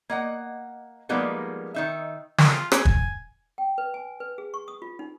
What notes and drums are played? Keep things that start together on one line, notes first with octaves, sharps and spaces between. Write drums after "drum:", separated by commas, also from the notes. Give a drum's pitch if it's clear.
A#3 D#5 F#5
F3 G3 G#3 A#3 B3 D#4
D#3 D#4 E5
drum: snare
F4
G#5, drum: rim click
drum: kick
G5
B4
G#5
B4
G#4
C#6
D#6
F4
D#4